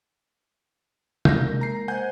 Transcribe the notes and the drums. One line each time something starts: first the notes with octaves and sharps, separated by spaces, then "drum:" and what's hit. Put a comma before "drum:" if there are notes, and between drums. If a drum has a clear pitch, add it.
G#3 A#3 A#4 G6 A#6, drum: tom
A#5 C7
C5 D#5 F#5 G#5 G6